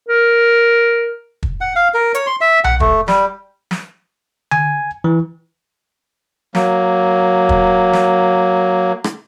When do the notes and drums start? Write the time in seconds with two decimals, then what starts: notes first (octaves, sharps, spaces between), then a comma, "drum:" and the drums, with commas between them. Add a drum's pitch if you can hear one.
0.09 A#4
1.43 drum: kick
1.61 F#5
1.76 F5
1.94 A#4
2.15 C#5, drum: hi-hat
2.27 C6
2.41 E5
2.64 F#5, drum: tom B1
2.80 A3, drum: kick
3.08 G3, drum: snare
3.71 drum: snare
4.51 G#5, drum: tom D3
5.04 E3
6.55 F#3 A#3, drum: snare
7.49 drum: kick
7.93 drum: snare
9.04 drum: rim click